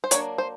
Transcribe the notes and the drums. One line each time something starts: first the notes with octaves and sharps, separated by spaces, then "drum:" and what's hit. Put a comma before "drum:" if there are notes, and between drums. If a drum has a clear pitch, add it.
C5
F#3 A#3 D4 C#5, drum: hi-hat
C5